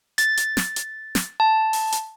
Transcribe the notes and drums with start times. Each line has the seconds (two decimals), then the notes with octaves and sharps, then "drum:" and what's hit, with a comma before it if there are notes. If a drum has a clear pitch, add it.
0.18 A6, drum: hi-hat
0.37 drum: hi-hat
0.57 drum: snare
0.76 drum: hi-hat
1.15 drum: snare
1.40 A5
1.73 drum: open hi-hat
1.92 drum: hi-hat